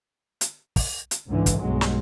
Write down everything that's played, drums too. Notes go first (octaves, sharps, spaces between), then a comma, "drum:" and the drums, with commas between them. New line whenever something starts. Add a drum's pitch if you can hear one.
drum: hi-hat
drum: kick, open hi-hat
drum: hi-hat
C#2 G#2 D3 E3
drum: kick, hi-hat
B1 G2 F#3 G#3
drum: snare